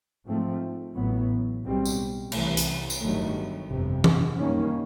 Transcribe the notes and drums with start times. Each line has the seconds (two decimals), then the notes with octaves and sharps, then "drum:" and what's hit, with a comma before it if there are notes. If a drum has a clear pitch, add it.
0.26 G#2 F3 A3 C4
0.95 A1 A2 F#3 B3
1.64 B1 B2 G3 C4
1.85 drum: tambourine
2.32 C2 C3 E3 A3, drum: cymbal
2.57 drum: hi-hat
2.90 drum: tambourine
3.01 G1 G2 D#3 F#3 A3
3.69 G1 F2 C3
4.04 drum: tom E3
4.38 F#2 D#3 G3 A#3 C#4